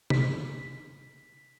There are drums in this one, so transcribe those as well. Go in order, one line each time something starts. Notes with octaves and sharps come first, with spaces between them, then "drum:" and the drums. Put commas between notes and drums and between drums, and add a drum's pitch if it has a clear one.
B6, drum: tom